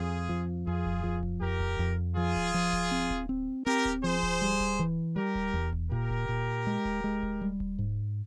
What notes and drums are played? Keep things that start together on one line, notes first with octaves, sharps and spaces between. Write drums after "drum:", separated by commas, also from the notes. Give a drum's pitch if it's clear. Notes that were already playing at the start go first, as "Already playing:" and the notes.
Already playing: F2 F4 G#4
F3
F2 F4 G#4
drum: kick D1
F3
drum: kick D1
F2 G4 A#4
drum: kick D1
F2
F3 F4 G#4
drum: kick D1
F3
drum: kick D1
C4
drum: kick D1
C4
C4 G4 A#4
drum: kick D1
F3 G#4 C5
drum: kick D1
G3
drum: kick D1
E3
G3 G4 A#4
drum: kick D1
E2
drum: kick D1
A#2 G4 A#4
drum: kick D1
A#2
G#3
drum: kick D1
G#3
drum: kick D1
G3
drum: kick D1
G#2